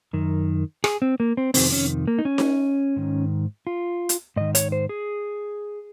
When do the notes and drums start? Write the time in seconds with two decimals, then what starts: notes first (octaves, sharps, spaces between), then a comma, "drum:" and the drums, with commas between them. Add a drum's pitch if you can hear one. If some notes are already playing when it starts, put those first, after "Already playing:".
0.13 F#2 D#3
0.84 G#4, drum: rim click
1.02 C4
1.20 A#3
1.37 C4
1.54 F2 C3 D#3 C4, drum: open hi-hat
1.72 C#4
2.08 A#3
2.19 D#4
2.25 C#4
2.38 drum: snare D#4
2.96 G#2 D#3
3.67 F4
4.09 drum: hi-hat
4.36 G#2 D#3 D#5
4.55 C#5, drum: hi-hat
4.72 C5
4.89 G#4